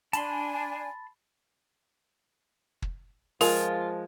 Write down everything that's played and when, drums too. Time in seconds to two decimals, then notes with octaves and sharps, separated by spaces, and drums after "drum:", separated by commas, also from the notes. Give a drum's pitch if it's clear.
0.13 D4 G#5 A5 B5 C6, drum: hi-hat
2.82 drum: kick
3.41 F3 G#3 F4 A#4, drum: open hi-hat